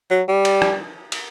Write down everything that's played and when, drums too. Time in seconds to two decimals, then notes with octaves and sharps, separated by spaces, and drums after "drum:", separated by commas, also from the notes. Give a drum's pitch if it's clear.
0.11 F#3
0.28 G3
0.45 drum: cymbal
0.62 drum: rim click
1.12 drum: cymbal